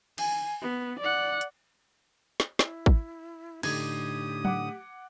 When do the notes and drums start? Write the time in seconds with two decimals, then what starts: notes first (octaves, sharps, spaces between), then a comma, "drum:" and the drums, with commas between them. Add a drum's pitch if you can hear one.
0.18 G#5, drum: cymbal
0.62 B3
0.99 D5 F#5
1.41 drum: hi-hat
2.40 drum: snare
2.59 E4, drum: snare
2.86 drum: kick
3.63 A2 D3 D#4 G4 D#6 G#6, drum: cymbal
4.45 F#5 D6, drum: tom F#3